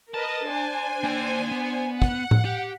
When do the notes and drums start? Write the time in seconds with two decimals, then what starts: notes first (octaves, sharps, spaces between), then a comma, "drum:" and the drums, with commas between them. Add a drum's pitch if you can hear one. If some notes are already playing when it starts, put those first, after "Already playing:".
0.14 A#4 B4 D#5 A5
0.47 D4 C5 G#5
1.04 A#3 G5
1.51 B3
2.02 F#5, drum: kick
2.31 drum: tom A2
2.45 G4